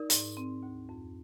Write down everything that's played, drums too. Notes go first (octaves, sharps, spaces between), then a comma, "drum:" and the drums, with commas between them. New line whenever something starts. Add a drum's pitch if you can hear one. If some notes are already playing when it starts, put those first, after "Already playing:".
Already playing: D#4 A#4 D5
G#2, drum: hi-hat
C4
D2
F2